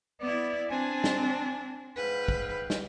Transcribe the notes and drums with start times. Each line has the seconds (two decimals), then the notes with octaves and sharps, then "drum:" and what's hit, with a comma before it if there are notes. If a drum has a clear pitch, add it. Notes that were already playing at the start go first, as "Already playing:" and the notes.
0.21 B3 E4 D5
0.70 C4 D4 G#5
1.04 drum: snare
1.96 G#2 B4 F5 G5
2.28 drum: kick
2.70 drum: snare